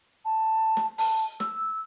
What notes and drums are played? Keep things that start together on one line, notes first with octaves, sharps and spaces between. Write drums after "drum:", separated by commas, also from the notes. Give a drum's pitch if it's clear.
A5
drum: snare
A5, drum: open hi-hat
E6, drum: snare